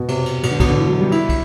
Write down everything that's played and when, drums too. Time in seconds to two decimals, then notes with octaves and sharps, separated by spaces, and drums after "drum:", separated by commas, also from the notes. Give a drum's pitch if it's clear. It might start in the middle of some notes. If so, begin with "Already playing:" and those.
Already playing: B2
0.08 C3, drum: cymbal
0.26 drum: cymbal
0.43 B2, drum: cymbal
0.51 D3
0.60 B2, drum: kick, cymbal
0.70 D3
0.78 E3
0.89 F#3
1.00 G3
1.12 E4, drum: cymbal
1.29 drum: kick, cymbal